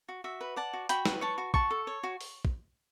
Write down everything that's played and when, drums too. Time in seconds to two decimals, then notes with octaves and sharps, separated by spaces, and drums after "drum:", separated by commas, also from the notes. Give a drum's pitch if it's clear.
0.09 F#4
0.24 F#4 E5
0.41 B4
0.56 D5 F#5 A5
0.73 F#4
0.89 F#4 G5 B5, drum: hi-hat
1.05 B4, drum: snare
1.21 C#5 A5 C#6
1.38 F#4
1.54 F#4 A5 C#6, drum: kick
1.71 A4
1.87 C#5
2.03 F#4
2.21 drum: open hi-hat
2.45 drum: kick